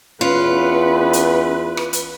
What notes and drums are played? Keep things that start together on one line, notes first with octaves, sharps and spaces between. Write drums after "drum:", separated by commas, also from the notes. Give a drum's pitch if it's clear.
E2 C#4 F4 B4
drum: hi-hat
drum: rim click
drum: hi-hat